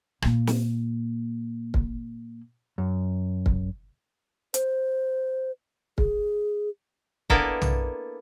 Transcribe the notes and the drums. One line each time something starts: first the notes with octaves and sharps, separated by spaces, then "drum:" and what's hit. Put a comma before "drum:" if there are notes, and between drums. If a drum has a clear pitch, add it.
A#2 A#3, drum: rim click
drum: snare
drum: kick
F#2
drum: kick
C5, drum: hi-hat
G#4, drum: kick
A#3 B3 D4 E4 A4 A#4, drum: kick
drum: tom